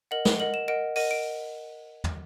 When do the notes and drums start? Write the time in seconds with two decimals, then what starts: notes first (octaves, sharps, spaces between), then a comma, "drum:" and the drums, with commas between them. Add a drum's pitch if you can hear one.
0.11 A#4 D#5 F#5 F#7
0.25 G7, drum: snare
0.39 A#4 D#5 F#5 F#7
0.54 E7
0.68 A#4 D#5 F#5 D7
0.96 A#4 D#5 F#5 D#7, drum: open hi-hat
1.11 D7
2.04 drum: tom